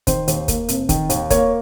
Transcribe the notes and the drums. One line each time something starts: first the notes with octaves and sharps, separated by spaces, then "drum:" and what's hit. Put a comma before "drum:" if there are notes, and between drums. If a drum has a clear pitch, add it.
D#3 C5, drum: kick, hi-hat
D#2, drum: hi-hat
A#3, drum: kick, hi-hat
F1, drum: hi-hat
D#3, drum: kick, hi-hat
D#2, drum: hi-hat
A#3 C#5, drum: kick, hi-hat